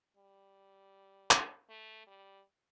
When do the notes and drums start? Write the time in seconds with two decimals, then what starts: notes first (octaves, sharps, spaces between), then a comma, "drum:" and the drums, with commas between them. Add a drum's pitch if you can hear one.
0.17 G3
1.31 drum: clap
1.69 A3
2.07 G3